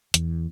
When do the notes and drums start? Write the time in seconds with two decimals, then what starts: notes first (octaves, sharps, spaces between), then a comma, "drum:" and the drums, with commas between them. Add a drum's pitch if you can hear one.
0.14 E2, drum: hi-hat